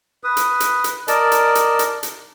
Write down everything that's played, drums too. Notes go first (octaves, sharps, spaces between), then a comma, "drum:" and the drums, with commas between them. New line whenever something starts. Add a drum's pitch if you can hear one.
B4 D#6
drum: hi-hat
drum: hi-hat
drum: hi-hat
A#4 D5 D#5 A5, drum: hi-hat
drum: hi-hat
drum: hi-hat
drum: hi-hat
drum: hi-hat